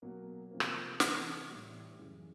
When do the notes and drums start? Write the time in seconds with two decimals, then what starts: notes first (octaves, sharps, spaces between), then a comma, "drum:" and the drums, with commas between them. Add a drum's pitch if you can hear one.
0.02 B2 F#3 A#3
0.51 C3 F3 A#3
0.60 drum: rim click
1.00 C3 E3 A3, drum: snare
1.49 A2 E3 G3
1.98 F#2 C#3 E3